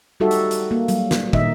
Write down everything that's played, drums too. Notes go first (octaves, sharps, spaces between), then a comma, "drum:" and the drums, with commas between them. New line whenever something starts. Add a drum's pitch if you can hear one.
G3 D#4 F#4 G4 A4 E5
drum: hi-hat
drum: hi-hat
A#3
F#3 G3, drum: hi-hat
drum: snare
A#2 D#3 D#4 D#5 E5, drum: kick